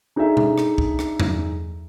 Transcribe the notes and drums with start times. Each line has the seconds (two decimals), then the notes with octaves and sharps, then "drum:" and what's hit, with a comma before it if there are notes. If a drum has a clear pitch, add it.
0.16 D4 D#4 G#4 A4 E5
0.37 drum: tom B2
0.58 drum: rim click
0.78 drum: kick
0.99 drum: rim click
1.20 drum: tom E2